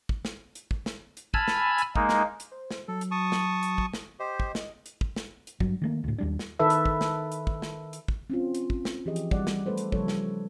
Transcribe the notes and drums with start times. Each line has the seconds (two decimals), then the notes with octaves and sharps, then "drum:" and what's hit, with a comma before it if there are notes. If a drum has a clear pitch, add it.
0.09 drum: kick
0.25 drum: snare
0.55 drum: hi-hat
0.71 drum: kick
0.86 drum: snare
1.17 drum: hi-hat
1.34 G#5 A5 B5 E6 F6 G#6, drum: kick
1.48 drum: snare
1.78 drum: hi-hat
1.96 G#3 A#3 D#4, drum: kick
2.09 drum: snare
2.40 drum: hi-hat
2.51 C5
2.71 drum: snare
2.88 F#3 A4
3.01 drum: hi-hat
3.11 A5 C#6 D#6
3.32 drum: snare
3.63 drum: hi-hat
3.78 drum: kick
3.93 drum: snare
4.20 G4 C5 D#5
4.40 drum: kick
4.55 drum: snare
4.86 drum: hi-hat
5.01 drum: kick
5.16 drum: snare
5.47 drum: hi-hat
5.60 G2 F#3, drum: kick
5.82 D#3 A3 A#3
6.04 D2 A2
6.18 D#2 G3 D4
6.39 drum: snare
6.59 D#3 A4 B4 E5
6.70 drum: hi-hat
6.85 drum: kick
7.01 drum: snare
7.32 drum: hi-hat
7.47 drum: kick
7.62 drum: snare
7.93 drum: hi-hat
8.08 drum: kick
8.30 C4 C#4 F4
8.55 drum: hi-hat
8.70 drum: kick
8.85 drum: snare
9.06 E3 F3 G4 G#4 D#5
9.16 drum: hi-hat
9.31 G3 D5 F#5, drum: kick
9.47 drum: snare
9.66 A3 A4 B4 C5
9.77 drum: hi-hat
9.92 C#3 F3 G3 A4 C#5, drum: kick
10.08 drum: snare